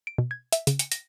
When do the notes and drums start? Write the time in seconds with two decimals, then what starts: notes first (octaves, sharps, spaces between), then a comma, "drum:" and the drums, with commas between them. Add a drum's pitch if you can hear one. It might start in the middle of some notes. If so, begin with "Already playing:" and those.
0.07 D7
0.18 B2
0.31 G#6
0.53 E5, drum: hi-hat
0.67 C#3, drum: hi-hat
0.79 C#7, drum: hi-hat
0.92 A#6, drum: hi-hat